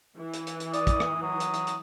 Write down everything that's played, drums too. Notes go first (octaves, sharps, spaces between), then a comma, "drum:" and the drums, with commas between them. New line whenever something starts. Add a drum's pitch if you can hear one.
E3
drum: hi-hat
drum: hi-hat
drum: hi-hat
D5 D#6, drum: hi-hat
drum: kick, hi-hat
drum: rim click
F#3 D#6
drum: hi-hat
drum: hi-hat
drum: hi-hat